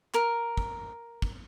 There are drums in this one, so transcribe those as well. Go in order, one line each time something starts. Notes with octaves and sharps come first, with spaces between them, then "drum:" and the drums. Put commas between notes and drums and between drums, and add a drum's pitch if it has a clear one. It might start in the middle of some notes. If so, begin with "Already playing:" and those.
A#4, drum: clap
drum: kick
drum: kick